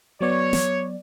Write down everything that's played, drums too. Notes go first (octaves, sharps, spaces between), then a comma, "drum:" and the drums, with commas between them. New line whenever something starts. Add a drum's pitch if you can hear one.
F#3 B3 C#5 D5
drum: snare